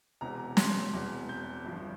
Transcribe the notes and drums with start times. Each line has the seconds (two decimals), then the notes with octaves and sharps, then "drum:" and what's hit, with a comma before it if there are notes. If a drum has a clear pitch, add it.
0.21 E1 E2 C3 A#5
0.57 C6, drum: snare
0.93 E1 E2 C3
1.29 G6
1.64 G1 G2 F3